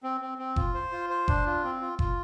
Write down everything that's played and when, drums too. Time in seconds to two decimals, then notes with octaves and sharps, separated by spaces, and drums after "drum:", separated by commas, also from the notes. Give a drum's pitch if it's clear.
0.03 C4
0.21 C4
0.38 C4
0.56 F4, drum: kick F#1
0.74 C5
0.92 F4
1.10 C5
1.28 D4, drum: kick F#1
1.46 F4
1.64 C4
1.81 F4
1.99 F4, drum: kick F#1